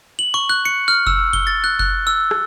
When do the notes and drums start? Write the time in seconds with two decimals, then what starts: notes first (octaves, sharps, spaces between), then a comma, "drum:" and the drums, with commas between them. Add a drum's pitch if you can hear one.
0.19 F#7
0.34 C#6
0.49 F#6
0.65 C#7
0.88 F6
1.07 E6, drum: kick F#1
1.33 G7, drum: kick F#1
1.47 A6
1.64 F#6
1.79 F#6, drum: kick F#1
2.07 E6
2.31 drum: rim click